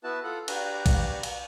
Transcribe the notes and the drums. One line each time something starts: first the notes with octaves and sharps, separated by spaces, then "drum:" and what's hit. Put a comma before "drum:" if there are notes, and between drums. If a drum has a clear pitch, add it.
B3 E4 F#4 B4 A5
F4 A4 F#5
D4 F#4 G4 B4 A#5, drum: cymbal
drum: kick, cymbal
drum: cymbal